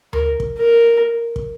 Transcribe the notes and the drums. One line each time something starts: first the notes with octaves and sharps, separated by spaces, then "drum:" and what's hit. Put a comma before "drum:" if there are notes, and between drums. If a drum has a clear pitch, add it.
A#4, drum: tom D2
drum: kick
A#4
drum: kick